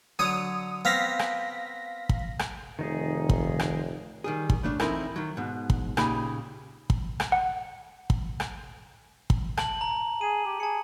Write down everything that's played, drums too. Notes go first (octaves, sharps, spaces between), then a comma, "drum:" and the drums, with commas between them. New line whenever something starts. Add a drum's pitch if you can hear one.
D3 F#3 C#5 D#6
B3 C4 F5 A#6 B6
drum: rim click
drum: kick
drum: rim click
F1 D#3 D#4 G#4
drum: kick
drum: rim click
D#3 G3 G#4
drum: kick
C#3 A3 D4
E3 C4 D#4 E4 A4 A#4, drum: rim click
D#3 F#3
G#2 B2
drum: kick
A#2 C#3 D#4 G4 B5, drum: rim click
drum: kick
drum: rim click
F#5
drum: kick
drum: rim click
drum: kick
A5 F#7, drum: rim click
A#5
G#4 D#7
G4
G#4 A5 C#7